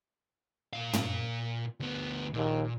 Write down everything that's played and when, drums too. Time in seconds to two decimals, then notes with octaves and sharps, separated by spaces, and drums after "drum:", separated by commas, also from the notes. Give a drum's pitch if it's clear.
0.73 A#2 F5
0.93 drum: tom
1.80 D2 B3
2.34 A#1 D#2 A#2